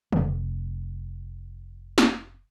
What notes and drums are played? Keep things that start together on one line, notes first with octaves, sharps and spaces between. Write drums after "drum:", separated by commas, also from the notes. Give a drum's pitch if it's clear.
F1 C3, drum: tom C#3
drum: snare